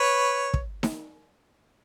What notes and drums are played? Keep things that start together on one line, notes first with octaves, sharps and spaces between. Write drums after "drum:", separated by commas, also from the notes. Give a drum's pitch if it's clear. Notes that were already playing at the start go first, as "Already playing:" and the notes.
Already playing: B4 C#5
drum: kick
drum: snare D#4